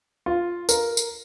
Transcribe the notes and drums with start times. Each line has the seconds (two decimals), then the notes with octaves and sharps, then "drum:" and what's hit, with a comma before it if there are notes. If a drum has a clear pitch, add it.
0.26 F4
0.69 A#4, drum: tambourine
0.97 drum: tambourine